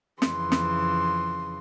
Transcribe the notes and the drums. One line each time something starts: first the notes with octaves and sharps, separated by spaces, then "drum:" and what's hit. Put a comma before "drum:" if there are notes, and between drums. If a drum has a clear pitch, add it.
F2 C#3 E3 C6, drum: snare
drum: snare